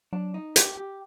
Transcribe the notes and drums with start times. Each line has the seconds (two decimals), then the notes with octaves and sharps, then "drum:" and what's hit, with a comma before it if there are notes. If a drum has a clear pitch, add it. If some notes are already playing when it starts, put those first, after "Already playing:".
0.13 F#3 D4
0.34 D#4
0.56 G4, drum: hi-hat
0.77 G4